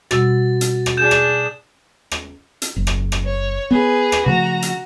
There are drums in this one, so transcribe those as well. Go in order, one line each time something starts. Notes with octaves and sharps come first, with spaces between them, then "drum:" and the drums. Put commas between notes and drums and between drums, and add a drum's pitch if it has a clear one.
B2 G3 F#4 E6 A6, drum: rim click
drum: hi-hat
drum: rim click
D4 G#4 G6 E7
drum: rim click
drum: rim click
drum: hi-hat
F#1
drum: rim click
drum: rim click
C#5
B3 G#4 B4
drum: rim click
C#3 F3 A3 F#4 A#5
drum: hi-hat